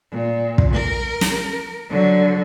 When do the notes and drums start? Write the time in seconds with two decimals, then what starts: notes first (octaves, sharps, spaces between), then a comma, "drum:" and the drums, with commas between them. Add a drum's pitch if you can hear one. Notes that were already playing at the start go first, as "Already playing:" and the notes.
0.11 A#2
0.58 drum: kick
0.74 A#4
1.21 drum: snare
1.90 D3 F#3